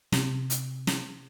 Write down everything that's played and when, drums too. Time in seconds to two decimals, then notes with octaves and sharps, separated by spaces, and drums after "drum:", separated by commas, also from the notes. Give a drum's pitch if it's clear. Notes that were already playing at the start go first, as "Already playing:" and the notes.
0.12 C3, drum: snare
0.50 drum: hi-hat
0.87 drum: snare